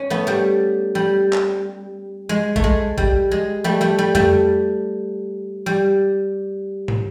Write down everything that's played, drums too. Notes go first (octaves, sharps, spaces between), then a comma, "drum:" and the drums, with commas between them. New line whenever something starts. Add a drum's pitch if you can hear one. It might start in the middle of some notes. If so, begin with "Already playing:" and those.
Already playing: C#4
A3 B3
G3 A3
G3
drum: clap
G#3
A3, drum: kick
G#3
G3, drum: kick
G#3
G3 A3
G3 A3
G3
G3 A3, drum: tom F2
G3
drum: tom